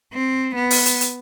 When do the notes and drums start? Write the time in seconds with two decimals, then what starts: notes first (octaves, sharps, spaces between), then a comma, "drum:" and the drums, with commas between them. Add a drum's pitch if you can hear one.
0.13 C4
0.55 B3
0.70 drum: open hi-hat
0.86 drum: hi-hat
1.01 drum: hi-hat